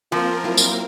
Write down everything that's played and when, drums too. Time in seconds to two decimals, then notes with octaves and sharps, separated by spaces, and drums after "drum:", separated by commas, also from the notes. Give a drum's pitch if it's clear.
0.12 F3 A#3 C4 F4 A#4
0.44 F#3 E4 F4
0.57 drum: tambourine